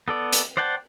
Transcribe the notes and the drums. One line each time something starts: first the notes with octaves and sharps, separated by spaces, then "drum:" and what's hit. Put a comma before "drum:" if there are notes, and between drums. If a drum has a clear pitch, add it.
B3 A4 D5
drum: hi-hat
C5 D5 F#5 G5 A5